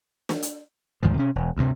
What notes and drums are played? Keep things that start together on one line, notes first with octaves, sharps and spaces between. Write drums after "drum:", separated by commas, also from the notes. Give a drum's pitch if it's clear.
drum: snare
drum: hi-hat
D2 G#2 D#3 F3
C3 C#4
E1
D2 G2 C3